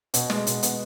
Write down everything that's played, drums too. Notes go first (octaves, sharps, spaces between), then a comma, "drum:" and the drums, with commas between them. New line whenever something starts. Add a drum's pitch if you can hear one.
B2, drum: hi-hat
G#3, drum: snare
B2, drum: hi-hat
B3, drum: hi-hat